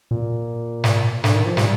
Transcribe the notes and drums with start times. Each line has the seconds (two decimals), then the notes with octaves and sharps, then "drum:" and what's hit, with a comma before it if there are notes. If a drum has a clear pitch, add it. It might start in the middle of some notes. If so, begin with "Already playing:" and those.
0.11 A#2
0.84 drum: snare
1.24 D3, drum: snare
1.34 D#3
1.46 F3
1.57 G3, drum: snare